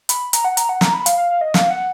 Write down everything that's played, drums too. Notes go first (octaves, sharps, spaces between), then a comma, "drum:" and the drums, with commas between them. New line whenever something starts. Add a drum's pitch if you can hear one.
B5, drum: hi-hat
A#5, drum: hi-hat
F#5
A#5, drum: hi-hat
F#5
A#5, drum: snare
B5
F5, drum: hi-hat
F5
F5
D#5
F5, drum: snare
F#5